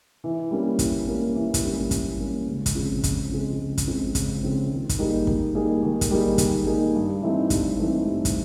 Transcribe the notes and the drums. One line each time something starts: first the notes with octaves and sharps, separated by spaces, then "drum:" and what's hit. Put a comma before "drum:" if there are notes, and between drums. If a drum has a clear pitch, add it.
E3
G3 A#3 C#4
E3, drum: kick, hi-hat
G3 A#3 C#4
E3
drum: kick, hi-hat
G3 A#3 C#4
E3, drum: kick, hi-hat
G3 A#3 C#4
C#2
drum: kick, hi-hat
C#3 F3 G#3 C4
C#2, drum: kick, hi-hat
C#3 F3 G#3 C4
C#2
drum: kick, hi-hat
C#3 F3 G#3 C4
C#2, drum: kick, hi-hat
C#3 F3 G#3 C4
D#3
drum: kick, hi-hat
G3 A#3 D#4 G#4
D#3, drum: kick
G3 A#3 D#4 G#4
D#3
drum: kick, hi-hat
G3 A#3 D#4 G#4
D#3, drum: kick, hi-hat
G3 A#3 D#4 G#4
G2
E3 A3 C4 D#4
G2, drum: kick, hi-hat
E3 A3 C4 D#4
G2
drum: kick, hi-hat